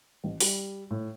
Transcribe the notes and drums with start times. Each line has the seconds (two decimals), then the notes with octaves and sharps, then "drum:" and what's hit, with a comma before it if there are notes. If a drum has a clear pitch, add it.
0.24 A1
0.40 G3, drum: open hi-hat
0.91 A2